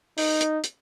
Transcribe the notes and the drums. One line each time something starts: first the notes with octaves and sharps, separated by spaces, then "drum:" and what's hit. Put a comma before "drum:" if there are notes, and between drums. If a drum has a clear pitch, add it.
D#4, drum: open hi-hat
drum: hi-hat
drum: hi-hat